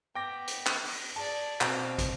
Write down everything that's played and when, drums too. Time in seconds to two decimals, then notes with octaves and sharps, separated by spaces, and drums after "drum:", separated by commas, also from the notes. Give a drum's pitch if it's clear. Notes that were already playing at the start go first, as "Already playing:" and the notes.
0.15 B3 G5 D6 A#6
0.48 drum: hi-hat
0.66 drum: clap
0.85 drum: open hi-hat
1.16 G#4 D5 A5
1.61 B2 C4 F5, drum: clap
1.98 drum: kick, hi-hat